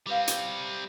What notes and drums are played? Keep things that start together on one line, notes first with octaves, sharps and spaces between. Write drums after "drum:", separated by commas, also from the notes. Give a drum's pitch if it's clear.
G3 C4 G4 B4 F5
drum: hi-hat